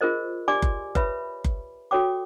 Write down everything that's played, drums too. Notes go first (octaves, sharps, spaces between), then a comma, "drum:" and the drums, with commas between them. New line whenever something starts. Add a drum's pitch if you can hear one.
F4 G#4 A#4 C5 D#5
G4 D5 G#5 C6 D6
drum: kick F#1
B4 C#5 E5 B5, drum: kick F#1
drum: kick F#1
F#4 A4 C#5 G5 D6